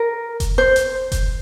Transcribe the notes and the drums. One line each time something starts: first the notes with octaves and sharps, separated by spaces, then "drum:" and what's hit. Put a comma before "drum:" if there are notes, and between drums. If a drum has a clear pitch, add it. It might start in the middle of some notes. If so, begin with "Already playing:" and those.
Already playing: A#4
drum: kick F1, hi-hat
C5
drum: hi-hat
drum: kick F1, hi-hat